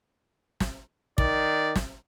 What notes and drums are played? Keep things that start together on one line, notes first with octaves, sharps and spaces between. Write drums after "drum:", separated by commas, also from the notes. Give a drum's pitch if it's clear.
drum: snare
D#3 D5, drum: kick
drum: snare